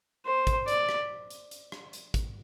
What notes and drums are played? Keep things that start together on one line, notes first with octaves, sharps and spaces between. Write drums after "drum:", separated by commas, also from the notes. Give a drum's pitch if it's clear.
C5
drum: kick, hi-hat
D5, drum: hi-hat
drum: rim click
drum: hi-hat
drum: hi-hat
drum: rim click
drum: hi-hat
drum: kick, hi-hat